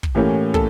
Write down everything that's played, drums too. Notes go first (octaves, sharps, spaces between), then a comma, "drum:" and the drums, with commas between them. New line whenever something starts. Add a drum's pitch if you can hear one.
drum: kick
A2 E3 A#3 C#4 G4
A4, drum: kick